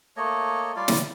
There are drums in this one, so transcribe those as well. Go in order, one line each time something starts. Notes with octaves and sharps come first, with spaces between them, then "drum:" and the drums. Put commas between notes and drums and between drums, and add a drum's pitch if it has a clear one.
A3 A#3 C#5 D#5
G3 F4 D5
drum: snare